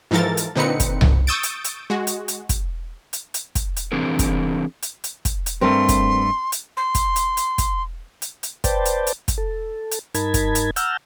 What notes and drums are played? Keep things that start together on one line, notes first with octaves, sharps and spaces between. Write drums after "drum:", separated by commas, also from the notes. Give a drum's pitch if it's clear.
G#2 E3 F3 A4 A#4 A6
drum: hi-hat
A#2 D3 C4 D#4 B4 C#7
drum: kick, hi-hat
drum: tom C2
C#6 D#6 E6 G6 A6 D7
drum: hi-hat
drum: hi-hat
G#3 F#4
drum: hi-hat
drum: hi-hat
drum: kick, hi-hat
drum: hi-hat
drum: hi-hat
drum: kick, hi-hat
drum: hi-hat
E3 C4 D4 G#4 A#4
drum: kick, hi-hat
drum: hi-hat
drum: hi-hat
drum: kick, hi-hat
drum: hi-hat
G2 A3 C4 A#4 C6
drum: kick, hi-hat
drum: hi-hat
C6
drum: kick, hi-hat
drum: hi-hat
drum: hi-hat
drum: kick, hi-hat
drum: hi-hat
drum: hi-hat
B4 C5 D5 G5 A5, drum: kick, hi-hat
drum: hi-hat
drum: hi-hat
drum: kick, hi-hat
A4
drum: hi-hat
G2 D#4 A#4 A5 B5 G#6, drum: hi-hat
drum: kick, hi-hat
drum: hi-hat
F#5 A5 A#5 E6 F6 G6, drum: hi-hat